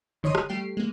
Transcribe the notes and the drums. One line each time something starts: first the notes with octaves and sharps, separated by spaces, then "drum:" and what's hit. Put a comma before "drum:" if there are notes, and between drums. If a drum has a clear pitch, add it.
G1 D#3 C#5 D#5 C6 D#7
drum: rim click
G3 A3 G4 C7
G#3 A#3